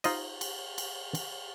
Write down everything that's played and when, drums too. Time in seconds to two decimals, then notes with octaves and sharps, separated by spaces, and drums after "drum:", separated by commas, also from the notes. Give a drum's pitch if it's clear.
0.04 D#4 F4 C5 D#5, drum: cymbal
0.41 drum: cymbal
0.78 drum: cymbal
1.15 drum: cymbal